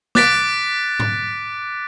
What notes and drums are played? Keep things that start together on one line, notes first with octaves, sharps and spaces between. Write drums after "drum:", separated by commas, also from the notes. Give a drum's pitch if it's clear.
D6 F#6 A6 B6 D7, drum: snare
drum: tom G#2